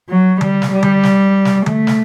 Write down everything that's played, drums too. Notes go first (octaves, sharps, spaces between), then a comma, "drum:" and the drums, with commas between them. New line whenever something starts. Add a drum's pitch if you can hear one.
F#3
G3, drum: tom D3
drum: snare
G3
drum: tom D3
drum: snare
drum: snare
A3, drum: tom D3
drum: snare